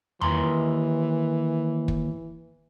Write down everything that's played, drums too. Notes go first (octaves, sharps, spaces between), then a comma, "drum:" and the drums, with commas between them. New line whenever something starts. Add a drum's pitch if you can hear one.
D#2 E3 A#5 C6, drum: tom E2
drum: kick